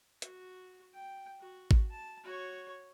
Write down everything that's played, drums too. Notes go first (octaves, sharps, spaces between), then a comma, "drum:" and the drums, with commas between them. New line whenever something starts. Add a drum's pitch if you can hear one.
F#4, drum: hi-hat
G5
F#4
drum: kick G#1
A5
F#4 C#5